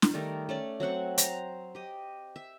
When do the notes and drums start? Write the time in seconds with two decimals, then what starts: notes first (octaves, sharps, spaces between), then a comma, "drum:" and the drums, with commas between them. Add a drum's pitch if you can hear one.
0.02 drum: snare
0.14 D#3 G3 A3 A#4
0.49 A3 C#4 D5
0.80 F#3 C4 F#5 C#6
1.18 C5 A#5, drum: hi-hat
1.75 G4 D#5
2.36 E5